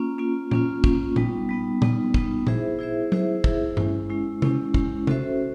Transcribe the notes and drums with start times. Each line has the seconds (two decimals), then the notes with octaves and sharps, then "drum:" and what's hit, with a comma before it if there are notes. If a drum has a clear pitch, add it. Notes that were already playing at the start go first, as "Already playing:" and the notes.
Already playing: A#3 C#4 F4
0.18 A#3 C#4 F4
0.51 A#3 C#4 F4, drum: tom A#2
0.84 A#3 C#4 F4, drum: kick
1.16 G3 B3 D#4, drum: tom A#2
1.49 G3 B3 D#4
1.82 G3 B3 D#4, drum: tom A#2
2.14 G3 B3 D#4, drum: kick
2.47 E4 G#4 C5 E5, drum: tom A#2
2.79 E4 G#4 C5 E5
3.12 E4 G#4 C5 E5, drum: tom F#3
3.44 E4 G#4 C5 E5, drum: kick
3.77 G#3 C#4 E4, drum: tom G2
4.10 G#3 C#4 E4
4.42 G#3 C#4 E4, drum: tom C3
4.74 G#3 C#4 E4, drum: kick
5.07 C#4 F#4 A4 C5 E5, drum: tom C3